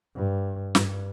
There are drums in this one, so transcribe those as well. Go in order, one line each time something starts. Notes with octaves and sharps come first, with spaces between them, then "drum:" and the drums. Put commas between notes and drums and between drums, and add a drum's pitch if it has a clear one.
G2
G2, drum: snare